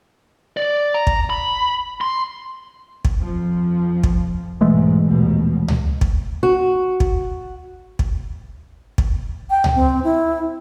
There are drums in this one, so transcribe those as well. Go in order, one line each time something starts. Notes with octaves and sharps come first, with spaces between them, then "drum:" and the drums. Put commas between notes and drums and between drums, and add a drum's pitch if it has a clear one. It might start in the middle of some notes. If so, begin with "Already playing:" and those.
D5
A#5
drum: kick
B5
C6
drum: kick
F2 F3
drum: kick
B1 G#2 E3 G#3 A3
A#1 D#2 B2
drum: tom C#2
drum: kick
F#4
drum: kick
drum: kick
drum: kick
G5
drum: tom C#2
C4
E4